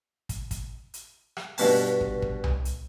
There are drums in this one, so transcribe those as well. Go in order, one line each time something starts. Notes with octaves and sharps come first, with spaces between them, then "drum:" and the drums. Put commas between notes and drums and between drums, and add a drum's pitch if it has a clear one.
drum: kick, hi-hat
drum: kick, hi-hat
drum: hi-hat
drum: rim click
G2 B2 A5, drum: open hi-hat
drum: kick
drum: kick
drum: tom C2
drum: hi-hat